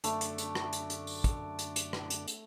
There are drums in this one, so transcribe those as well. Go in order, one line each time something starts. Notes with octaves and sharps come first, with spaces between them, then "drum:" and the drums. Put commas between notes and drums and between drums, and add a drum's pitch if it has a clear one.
F#2 D3 A3 D4, drum: hi-hat
drum: hi-hat
drum: hi-hat
drum: rim click
drum: hi-hat
drum: hi-hat
drum: open hi-hat
drum: kick, hi-hat
drum: hi-hat
drum: hi-hat
drum: rim click
drum: hi-hat
drum: hi-hat